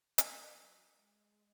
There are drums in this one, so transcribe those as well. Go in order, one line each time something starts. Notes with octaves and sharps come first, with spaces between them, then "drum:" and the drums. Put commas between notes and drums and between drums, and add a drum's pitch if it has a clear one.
E3, drum: hi-hat
E3
F#3
G#3